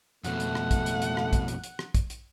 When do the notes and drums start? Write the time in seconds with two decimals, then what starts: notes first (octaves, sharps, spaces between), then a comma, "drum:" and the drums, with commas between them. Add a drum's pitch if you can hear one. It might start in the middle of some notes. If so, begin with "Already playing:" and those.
0.24 F2 B2 A3 F#5, drum: hi-hat
0.40 drum: hi-hat
0.55 drum: rim click
0.71 drum: kick, hi-hat
0.86 drum: hi-hat
1.02 drum: hi-hat
1.17 drum: rim click
1.33 drum: kick, hi-hat
1.48 drum: hi-hat
1.64 drum: hi-hat
1.79 drum: rim click
1.95 drum: kick, hi-hat
2.10 drum: hi-hat